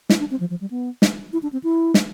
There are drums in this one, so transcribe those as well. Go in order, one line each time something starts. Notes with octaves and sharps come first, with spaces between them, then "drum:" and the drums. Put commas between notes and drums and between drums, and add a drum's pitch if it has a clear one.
E4, drum: snare
D4
C4
F3
F3
G3
B3
drum: snare
E4
D4
C4
E4
drum: snare